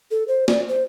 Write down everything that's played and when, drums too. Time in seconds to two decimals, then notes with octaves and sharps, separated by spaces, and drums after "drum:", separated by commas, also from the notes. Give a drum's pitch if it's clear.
0.11 A4
0.28 C5
0.48 D5, drum: snare
0.69 C5